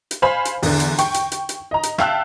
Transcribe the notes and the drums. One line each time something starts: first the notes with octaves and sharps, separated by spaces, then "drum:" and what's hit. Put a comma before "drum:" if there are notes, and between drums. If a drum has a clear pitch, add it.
drum: hi-hat
C5 F5 G#5 B5
drum: hi-hat
E2 D3, drum: open hi-hat
drum: hi-hat
G5 C#6, drum: hi-hat
drum: hi-hat
drum: hi-hat
drum: hi-hat
D#5 A#5
drum: hi-hat
E5 F5 G5 A5 E6 F#6, drum: rim click